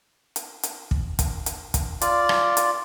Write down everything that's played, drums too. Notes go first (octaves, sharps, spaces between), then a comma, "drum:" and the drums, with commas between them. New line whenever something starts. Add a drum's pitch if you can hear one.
drum: hi-hat
drum: hi-hat
drum: kick
drum: kick, hi-hat
drum: hi-hat
drum: kick, hi-hat
F4 D5, drum: hi-hat
drum: rim click
drum: hi-hat